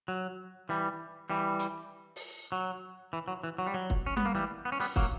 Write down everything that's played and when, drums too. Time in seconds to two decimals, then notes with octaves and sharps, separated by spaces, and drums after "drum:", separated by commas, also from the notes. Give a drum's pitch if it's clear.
0.08 F#3
0.69 E3 G3
1.30 E3 G3
1.59 drum: hi-hat
2.16 drum: open hi-hat
2.52 F#3
3.13 E3
3.28 F#3
3.43 E3
3.58 F#3
3.67 G3
3.74 F#3
3.90 drum: kick
4.06 C#4
4.17 B3, drum: tom G3
4.25 A#3
4.35 E3 G3
4.65 B3
4.72 C#4
4.80 G3 B3, drum: open hi-hat
4.96 F#3 A#3, drum: kick